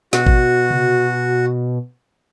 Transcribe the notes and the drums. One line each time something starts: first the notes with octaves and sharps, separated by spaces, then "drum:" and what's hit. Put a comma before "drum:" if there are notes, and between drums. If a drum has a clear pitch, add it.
B2 F#4, drum: snare
drum: kick G#1
drum: tom C3